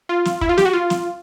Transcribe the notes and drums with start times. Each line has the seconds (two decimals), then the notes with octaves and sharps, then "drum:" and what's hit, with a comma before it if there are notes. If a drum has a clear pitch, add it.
0.09 F4
0.25 drum: snare
0.41 E4, drum: kick
0.49 F4
0.58 G4, drum: snare
0.65 F#4
0.73 F4
0.90 drum: snare